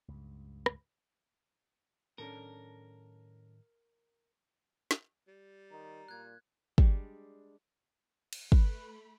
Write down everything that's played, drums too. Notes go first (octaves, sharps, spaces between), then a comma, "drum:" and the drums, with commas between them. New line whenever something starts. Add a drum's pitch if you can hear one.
C#2 G2
drum: rim click
A2 D#3 F#3 C#4 D4 A4 A#4
drum: snare
G3
D#3 A#5
A#2 F#6 G#6
G3 G#3 D4 D5, drum: kick
drum: cymbal
A3 B4 B5, drum: kick